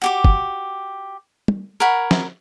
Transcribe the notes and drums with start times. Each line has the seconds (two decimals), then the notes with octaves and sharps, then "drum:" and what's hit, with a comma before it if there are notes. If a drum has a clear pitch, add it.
0.02 F#4 G4 D6
0.24 drum: kick
1.48 drum: tom
1.80 A#4 C#5 F#5 B5
2.11 drum: snare